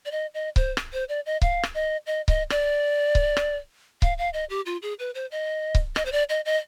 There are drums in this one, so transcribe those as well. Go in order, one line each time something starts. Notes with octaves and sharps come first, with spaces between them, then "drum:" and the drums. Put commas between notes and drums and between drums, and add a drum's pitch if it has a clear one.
D5
D#5
D#5
C5, drum: kick C#1
drum: rim click
C5
D5
D#5
F5, drum: kick C#1
drum: rim click
D#5
D#5
D#5, drum: kick C#1
D5, drum: rim click
drum: kick C#1
drum: rim click
F5, drum: kick C#1
F5
D#5
G4
F4
G#4
B4
C5
D#5
drum: kick C#1
D#5, drum: rim click
C5
D5
D#5
D#5